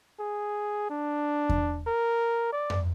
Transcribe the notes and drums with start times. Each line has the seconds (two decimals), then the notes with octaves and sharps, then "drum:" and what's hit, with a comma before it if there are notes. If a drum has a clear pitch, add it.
0.19 G#4
0.90 D4
1.49 drum: kick E2
1.87 A#4
2.52 D5
2.70 drum: tom F2